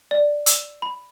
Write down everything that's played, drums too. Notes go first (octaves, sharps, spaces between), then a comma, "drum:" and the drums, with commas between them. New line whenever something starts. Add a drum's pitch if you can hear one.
D5
E6, drum: hi-hat
B5